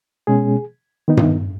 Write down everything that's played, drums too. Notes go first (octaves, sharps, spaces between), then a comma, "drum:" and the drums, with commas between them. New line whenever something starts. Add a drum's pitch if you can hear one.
B2 G#3 C#4 G#4
D#3 B3 D#4
drum: tom G2